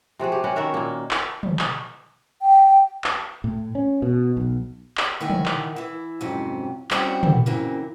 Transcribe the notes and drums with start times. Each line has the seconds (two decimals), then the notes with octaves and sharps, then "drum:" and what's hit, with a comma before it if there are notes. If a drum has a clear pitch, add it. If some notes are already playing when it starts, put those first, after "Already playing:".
0.19 C3 F3 F#4 G#4
0.32 G4
0.44 C#4 F#4 B4
0.56 D#3 F#4 A#4 E5
0.74 A#2 A#3
1.11 drum: clap
1.43 drum: tom
1.59 drum: clap
2.42 G5
3.04 drum: clap
3.44 A2
3.75 C#4
4.02 B2
4.37 B1
4.97 drum: clap
5.21 D#3 E4 A#4 E5 F#5 G#5
5.30 drum: tom
5.46 drum: clap
5.76 E3 E4
6.21 F2 G#2 C3 F#3 C#4
6.91 G3 C4 C#4 E4 F#4 G4, drum: clap
7.23 drum: tom
7.46 A#2 C#3 E3 F#3 A#3 C4